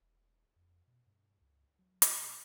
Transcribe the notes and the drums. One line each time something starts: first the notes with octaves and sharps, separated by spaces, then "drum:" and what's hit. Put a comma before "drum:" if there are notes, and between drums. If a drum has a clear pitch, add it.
E1
F2
B2
G2
C#2
F#3
drum: hi-hat
B2